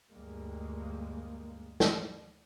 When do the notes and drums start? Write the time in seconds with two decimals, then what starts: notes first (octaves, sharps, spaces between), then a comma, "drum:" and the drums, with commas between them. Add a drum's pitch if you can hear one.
0.11 D2 G2 G3 G#3 A#3
1.80 drum: snare